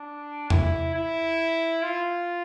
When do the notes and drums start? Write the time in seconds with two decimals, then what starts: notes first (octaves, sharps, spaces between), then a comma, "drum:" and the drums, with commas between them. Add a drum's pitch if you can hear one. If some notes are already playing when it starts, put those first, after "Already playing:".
Already playing: D4
0.50 E4, drum: tom E2
0.95 E4
1.83 F4